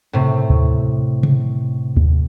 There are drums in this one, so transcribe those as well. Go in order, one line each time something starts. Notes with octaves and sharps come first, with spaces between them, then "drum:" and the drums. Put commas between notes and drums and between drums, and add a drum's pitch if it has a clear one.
A2 C3
drum: kick D2
drum: tom C3
drum: kick D2